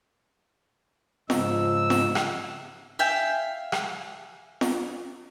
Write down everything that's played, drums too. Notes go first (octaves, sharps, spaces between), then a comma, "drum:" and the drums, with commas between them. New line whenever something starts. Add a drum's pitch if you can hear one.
G#2 C#3 F3 D#4 E6, drum: snare
drum: snare
drum: rim click
E5 F5 G5 G#5
drum: rim click
drum: snare